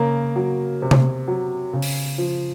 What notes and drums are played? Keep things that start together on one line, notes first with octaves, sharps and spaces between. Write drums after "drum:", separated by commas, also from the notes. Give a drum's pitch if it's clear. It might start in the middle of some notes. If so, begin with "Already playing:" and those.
Already playing: C#3 A#3 A#4
F#3
C3
drum: tom C3
F#3
C#3
drum: open hi-hat
F3